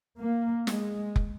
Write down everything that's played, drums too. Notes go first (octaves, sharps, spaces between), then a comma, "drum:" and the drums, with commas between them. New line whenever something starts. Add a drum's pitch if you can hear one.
A#3
G#3, drum: snare
drum: kick F1